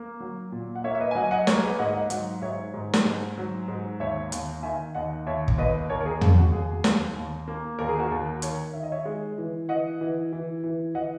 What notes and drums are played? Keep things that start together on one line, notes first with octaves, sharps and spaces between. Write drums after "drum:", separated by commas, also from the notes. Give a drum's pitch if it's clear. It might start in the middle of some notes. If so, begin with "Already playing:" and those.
Already playing: A#3
F#3
A#2
F#5
A#3 C#5 E5
E5
B4 D#5
G#5
F#3 D#5 F#5
G#5
D#5 F#5
A#3 A#4 C#5, drum: snare
G#4 B4
G#2 D#5 F#5
D#5 F#5
F#3 D#5 F#5, drum: hi-hat
G#2 C#5 E5
G#2
drum: snare
G#2
F#3
G#2
D#2 C#5 E5
D#2, drum: hi-hat
D#3 E5 G#5
D#2 D#5 F#5
D#2 C#5 E5
drum: kick
D#2 B4 D#5
D#2 A#4 C#5
A#4
G#4
D#2 G#4, drum: tom
F#4
D#2 G#4
D#2, drum: snare
D#2
A#3
D#2 A#4
G#4
F#4 A#4
D#2
D#3 A#4 C#5, drum: hi-hat
D#3 E5
D#5
C#5 E5
G#3
E3
E3 D#5 F#5
E3
E3
E3
E3 D#5 F#5